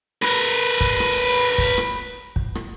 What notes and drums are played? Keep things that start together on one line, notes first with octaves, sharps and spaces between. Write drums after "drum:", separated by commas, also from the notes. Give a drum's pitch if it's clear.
A#4 B4, drum: rim click
drum: kick
drum: rim click
drum: kick
drum: rim click
drum: kick
drum: rim click